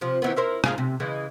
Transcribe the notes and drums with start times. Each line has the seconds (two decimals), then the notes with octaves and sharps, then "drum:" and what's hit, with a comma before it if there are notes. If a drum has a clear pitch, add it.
0.01 C3 F3
0.22 D#3 E3 B3
0.36 E4 A#4 C5
0.64 G#2 F4 G#4, drum: rim click
0.78 C3
1.00 C#3 E3 G#3